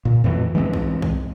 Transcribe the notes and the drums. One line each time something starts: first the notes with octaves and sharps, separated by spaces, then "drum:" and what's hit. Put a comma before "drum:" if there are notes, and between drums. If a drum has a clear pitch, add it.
A#2
F2 A2 E3
E3 G#3 A3 C4
drum: kick B1
drum: kick B1